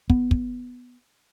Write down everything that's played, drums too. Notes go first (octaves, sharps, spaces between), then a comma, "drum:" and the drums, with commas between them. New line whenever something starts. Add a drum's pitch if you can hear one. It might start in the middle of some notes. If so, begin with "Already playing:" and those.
B3, drum: kick
drum: kick